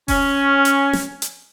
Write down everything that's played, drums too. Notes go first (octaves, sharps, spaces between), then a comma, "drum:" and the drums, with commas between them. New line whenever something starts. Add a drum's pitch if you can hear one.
C#4, drum: kick E1, open hi-hat
drum: hi-hat
drum: snare
drum: hi-hat